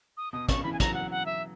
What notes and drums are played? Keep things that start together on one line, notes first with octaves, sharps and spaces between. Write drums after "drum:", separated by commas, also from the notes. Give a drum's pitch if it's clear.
D#6
B2 D#6
C#3 C#6, drum: kick, hi-hat
E3 B5
G#5
F#3 A#5, drum: kick, hi-hat
F#5
F#5
E5